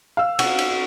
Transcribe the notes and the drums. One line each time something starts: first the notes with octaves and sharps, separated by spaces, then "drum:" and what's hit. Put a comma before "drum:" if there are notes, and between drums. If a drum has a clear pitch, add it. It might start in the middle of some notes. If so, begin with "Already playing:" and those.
F5 E6
F#4, drum: cymbal
drum: cymbal